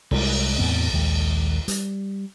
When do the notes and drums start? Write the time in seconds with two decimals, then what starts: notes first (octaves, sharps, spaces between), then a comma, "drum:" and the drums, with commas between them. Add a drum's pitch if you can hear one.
0.11 C2 G3 G#3, drum: cymbal
0.59 E2 A2 B3 C4
0.93 A#1 D#2 G#3
1.68 G3, drum: hi-hat